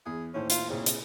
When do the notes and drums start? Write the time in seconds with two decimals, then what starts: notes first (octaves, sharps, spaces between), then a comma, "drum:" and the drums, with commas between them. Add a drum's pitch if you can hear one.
0.06 E2 G#4
0.34 D#2 A2 C#4 C5
0.50 F4, drum: hi-hat
0.70 C2 A#2 C#3
0.86 drum: hi-hat